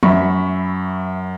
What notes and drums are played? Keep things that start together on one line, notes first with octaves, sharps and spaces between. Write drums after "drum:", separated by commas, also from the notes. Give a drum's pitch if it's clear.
F#2 E5 B5 C#6, drum: tom